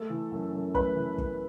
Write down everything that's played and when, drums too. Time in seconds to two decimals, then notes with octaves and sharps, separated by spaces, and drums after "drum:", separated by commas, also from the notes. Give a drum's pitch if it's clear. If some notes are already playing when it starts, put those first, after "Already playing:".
Already playing: A3 A4
0.10 E3
0.32 F#2
0.53 F#2
0.75 A3 B4, drum: kick
0.96 E3
1.18 F#2, drum: kick